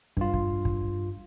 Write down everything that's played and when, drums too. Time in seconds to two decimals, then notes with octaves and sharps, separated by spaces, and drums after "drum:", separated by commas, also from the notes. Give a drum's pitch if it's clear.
0.17 G2 F4, drum: kick
0.34 drum: kick
0.65 drum: kick